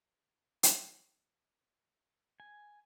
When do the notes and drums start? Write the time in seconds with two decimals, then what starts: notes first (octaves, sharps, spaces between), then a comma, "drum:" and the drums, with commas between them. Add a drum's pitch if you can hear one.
0.63 drum: hi-hat
2.40 G#5